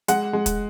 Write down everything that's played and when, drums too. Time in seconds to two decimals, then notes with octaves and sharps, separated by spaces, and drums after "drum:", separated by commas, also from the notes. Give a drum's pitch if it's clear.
0.08 G#3 F#5, drum: hi-hat
0.33 G#3
0.46 drum: kick, hi-hat